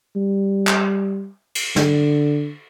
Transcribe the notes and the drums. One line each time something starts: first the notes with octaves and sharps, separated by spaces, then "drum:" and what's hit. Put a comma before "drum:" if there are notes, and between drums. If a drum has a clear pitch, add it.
G3
drum: clap
drum: cymbal
D3, drum: snare